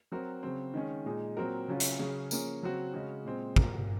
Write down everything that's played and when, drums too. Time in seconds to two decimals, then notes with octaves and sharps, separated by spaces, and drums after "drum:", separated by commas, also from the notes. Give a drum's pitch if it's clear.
0.12 F#3 C4 F#4 A#4
0.43 C#3 F#3 C4
0.74 D#3 G#3 C#4
1.06 A#2 G#3 D#4 G#4
1.37 A#2 F#3 C4 F#4 A#4
1.68 C#3 F#3 C#4 F4
1.80 drum: hi-hat
1.99 C#3 F#3 C#4 G#4
2.31 F3 A#3 C#4 G#4, drum: tambourine
2.62 C#3 F#3 C4 F#4
2.94 C#3 G#3 C#4 F#4
3.25 A#2 G#3 C4
3.56 A#2 F3 A#3, drum: kick